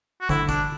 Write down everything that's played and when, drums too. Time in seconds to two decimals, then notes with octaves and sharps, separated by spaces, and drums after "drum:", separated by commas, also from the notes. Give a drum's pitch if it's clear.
0.21 F#4
0.29 D3 E4, drum: kick, hi-hat
0.49 D4, drum: kick, hi-hat